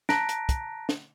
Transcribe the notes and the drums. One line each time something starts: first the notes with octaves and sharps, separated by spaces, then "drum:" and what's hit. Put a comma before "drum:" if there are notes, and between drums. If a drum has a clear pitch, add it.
A5 A#5 F#6 A#6 B6 D7, drum: snare
drum: hi-hat
drum: kick, hi-hat
drum: snare